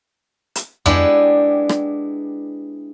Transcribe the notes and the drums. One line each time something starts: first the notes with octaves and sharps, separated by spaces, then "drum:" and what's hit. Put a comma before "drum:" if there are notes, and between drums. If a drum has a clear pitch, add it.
drum: hi-hat
G#3 B3 D4 E4 G4, drum: tom F2
drum: rim click